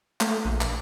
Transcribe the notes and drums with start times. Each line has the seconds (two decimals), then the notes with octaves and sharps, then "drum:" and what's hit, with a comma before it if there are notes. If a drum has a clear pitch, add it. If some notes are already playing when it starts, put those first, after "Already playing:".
0.21 A3, drum: clap
0.45 A#1
0.61 drum: clap